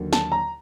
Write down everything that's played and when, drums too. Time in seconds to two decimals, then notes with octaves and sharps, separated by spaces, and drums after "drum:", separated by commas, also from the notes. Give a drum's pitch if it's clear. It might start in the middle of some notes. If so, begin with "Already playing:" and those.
Already playing: D#2 D3 F#3 A#3
0.13 A5, drum: snare
0.32 A#5